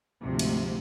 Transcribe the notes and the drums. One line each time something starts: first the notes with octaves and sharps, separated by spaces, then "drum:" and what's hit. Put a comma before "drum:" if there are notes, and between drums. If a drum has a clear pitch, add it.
D2 G#2 C3 F3
drum: cymbal